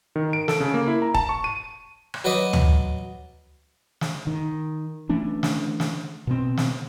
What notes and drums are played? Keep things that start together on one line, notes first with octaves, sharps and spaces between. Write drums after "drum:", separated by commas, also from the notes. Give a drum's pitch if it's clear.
D#3
D7
A4, drum: snare
C#3
A#3
E4
A#5
A5, drum: kick E1
C#6
D#7
drum: rim click
F#3 B4 D5 D#5
drum: tom
drum: snare
D#3
E3 A3 C#4 D4
drum: snare
drum: snare
B2 C4
drum: snare